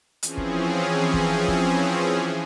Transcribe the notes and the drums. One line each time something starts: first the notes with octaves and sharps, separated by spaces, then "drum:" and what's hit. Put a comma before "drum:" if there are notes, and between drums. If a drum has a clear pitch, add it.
E3 F3 C4 C#4 G#4, drum: hi-hat
drum: kick
drum: kick
drum: kick